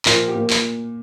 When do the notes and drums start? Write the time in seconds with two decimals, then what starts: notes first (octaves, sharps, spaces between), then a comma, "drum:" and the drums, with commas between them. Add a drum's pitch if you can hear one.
0.06 A#2 F3 A#3, drum: clap
0.28 G4
0.35 A#2 A#3
0.50 drum: clap